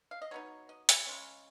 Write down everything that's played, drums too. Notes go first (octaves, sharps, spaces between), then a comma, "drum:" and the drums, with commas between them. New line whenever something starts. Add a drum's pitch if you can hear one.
F5
D#5
F#3 B3 D#4 C#5
D#5
G#5, drum: hi-hat
C#3 G#3 C#4